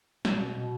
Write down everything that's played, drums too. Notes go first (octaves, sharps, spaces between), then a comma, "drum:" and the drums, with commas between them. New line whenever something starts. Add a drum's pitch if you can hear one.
B2, drum: snare
B2